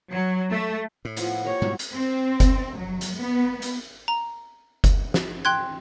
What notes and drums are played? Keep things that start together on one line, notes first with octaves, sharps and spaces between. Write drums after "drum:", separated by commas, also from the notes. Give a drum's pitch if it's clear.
F#3
A3
A2
F3 B3 E4, drum: hi-hat
A#3 G4 A#4 C#5
G#2 B2 F#3 G3 E4
drum: hi-hat
C4
drum: kick F#1, hi-hat
F#3
drum: hi-hat
B3
drum: hi-hat
A#5
drum: kick F#1, hi-hat
drum: snare
G5 C6 F#6 G#6